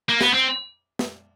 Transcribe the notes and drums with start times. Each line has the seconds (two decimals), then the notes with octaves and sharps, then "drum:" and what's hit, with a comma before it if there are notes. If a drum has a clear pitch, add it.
0.09 A#3
0.21 B3, drum: snare
0.33 C4
0.99 drum: snare